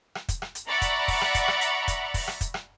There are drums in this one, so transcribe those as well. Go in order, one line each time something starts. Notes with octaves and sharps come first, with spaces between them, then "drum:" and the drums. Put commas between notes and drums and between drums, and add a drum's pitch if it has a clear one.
drum: rim click
drum: kick, hi-hat
drum: rim click
drum: hi-hat
D5 E5 F#5 A#5 B5 C#6
drum: kick, hi-hat
drum: kick, open hi-hat
drum: rim click
drum: kick, hi-hat
drum: rim click
drum: hi-hat
drum: kick, hi-hat
drum: kick, open hi-hat
drum: rim click
drum: kick, hi-hat
drum: rim click